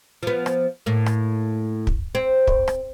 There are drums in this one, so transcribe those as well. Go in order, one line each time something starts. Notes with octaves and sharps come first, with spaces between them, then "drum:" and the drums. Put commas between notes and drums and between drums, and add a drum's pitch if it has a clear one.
F3 B3
drum: rim click
A2 A#3
drum: rim click
drum: kick
C4
drum: kick
drum: rim click